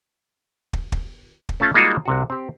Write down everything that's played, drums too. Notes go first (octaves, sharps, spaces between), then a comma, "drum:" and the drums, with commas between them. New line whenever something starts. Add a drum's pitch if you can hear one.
drum: kick
drum: kick
drum: kick
A3 C#4 F4 A5
G3 G#3 A#3 D#4 F4 F#4
C2 C3 F#4
C4 G4